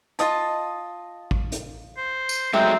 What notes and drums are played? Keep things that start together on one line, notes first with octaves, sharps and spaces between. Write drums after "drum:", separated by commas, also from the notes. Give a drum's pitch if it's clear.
F4 D#5 A5, drum: hi-hat
drum: kick
drum: hi-hat
C5
drum: tambourine
F#3 G#3 A3 C4 D#4 G4 E5 A#5